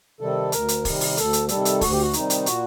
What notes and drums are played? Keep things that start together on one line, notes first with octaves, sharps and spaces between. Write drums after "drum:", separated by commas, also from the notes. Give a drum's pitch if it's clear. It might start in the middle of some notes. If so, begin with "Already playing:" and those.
C3 D#3 G3 A4
D2 A#4, drum: hi-hat
drum: hi-hat
C3 D#3 G3, drum: kick, open hi-hat
drum: open hi-hat
D2 A4, drum: hi-hat
drum: hi-hat
C3 D#3 G3 A4, drum: hi-hat
drum: hi-hat
D2 F#4, drum: kick, open hi-hat
G4
F#4
C3 D#3 G3 D#4, drum: hi-hat
drum: hi-hat
A#2 F#4, drum: hi-hat